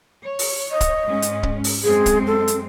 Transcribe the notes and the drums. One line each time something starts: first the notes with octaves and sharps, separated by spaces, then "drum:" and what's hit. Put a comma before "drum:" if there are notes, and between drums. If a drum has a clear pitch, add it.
C#5
drum: open hi-hat
D#5
drum: kick, hi-hat
G#2 G#3 C#4
drum: hi-hat
drum: kick
drum: open hi-hat
F#2 G#3 C4 G#4
drum: kick, hi-hat
A4
drum: hi-hat